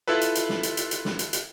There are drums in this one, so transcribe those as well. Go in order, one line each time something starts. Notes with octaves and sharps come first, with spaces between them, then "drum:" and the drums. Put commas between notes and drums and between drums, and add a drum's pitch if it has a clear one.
E4 F4 A4 B4
drum: hi-hat
drum: hi-hat
drum: snare
drum: hi-hat
drum: hi-hat
drum: hi-hat
drum: snare
drum: hi-hat
drum: hi-hat